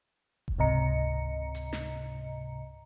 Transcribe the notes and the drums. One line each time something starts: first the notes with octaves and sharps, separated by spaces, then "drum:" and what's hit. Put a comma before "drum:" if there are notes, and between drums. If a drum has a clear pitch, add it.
drum: kick E1
C#2 G#2 C3 D#5 A#5 C#7
drum: hi-hat
drum: snare